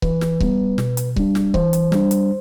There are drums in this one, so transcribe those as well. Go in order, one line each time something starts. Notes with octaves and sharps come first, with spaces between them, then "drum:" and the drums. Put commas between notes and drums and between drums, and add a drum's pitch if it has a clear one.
E3 B4, drum: kick C#1
drum: snare
G3 B3, drum: kick C#1
B2, drum: snare
drum: hi-hat
G3 D4, drum: kick C#1
drum: snare
E3 C5, drum: kick C#1
drum: hi-hat
G3 D4, drum: snare
drum: hi-hat